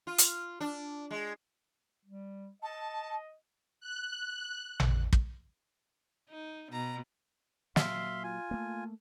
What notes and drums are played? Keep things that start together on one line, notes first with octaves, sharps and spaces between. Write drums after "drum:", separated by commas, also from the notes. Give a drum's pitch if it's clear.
F4
drum: hi-hat
D4
G#3
G3
D#5 A5
F#6
drum: tom A1
drum: kick
D#4
B2 A#5
A#2 F#3 E5 F5 C6, drum: snare
F4 G#5
A3 A#3